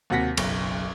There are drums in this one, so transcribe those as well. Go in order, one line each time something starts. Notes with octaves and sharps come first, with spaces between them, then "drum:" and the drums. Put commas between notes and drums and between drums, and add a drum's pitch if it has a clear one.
D#2 C3 F#3 F#5 A#6 B6
F#1 B1, drum: cymbal